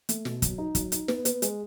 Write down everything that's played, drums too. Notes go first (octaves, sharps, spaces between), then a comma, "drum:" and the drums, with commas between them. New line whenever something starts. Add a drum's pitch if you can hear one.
A3, drum: hi-hat
B2, drum: snare
F#3, drum: kick, hi-hat
D#4
F#3, drum: kick, hi-hat
D#4, drum: hi-hat
B3, drum: snare
B3, drum: hi-hat
G#3, drum: hi-hat